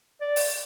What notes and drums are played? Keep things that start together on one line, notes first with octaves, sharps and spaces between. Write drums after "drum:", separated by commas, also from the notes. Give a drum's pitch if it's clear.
D5
drum: open hi-hat